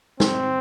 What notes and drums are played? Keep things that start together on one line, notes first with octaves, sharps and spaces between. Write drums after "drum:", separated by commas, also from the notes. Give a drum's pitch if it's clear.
C4, drum: snare